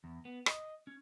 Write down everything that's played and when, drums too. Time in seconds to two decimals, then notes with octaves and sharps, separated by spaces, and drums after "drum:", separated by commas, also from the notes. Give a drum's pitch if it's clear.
0.04 E2
0.25 B3
0.46 D#5, drum: rim click
0.87 C#4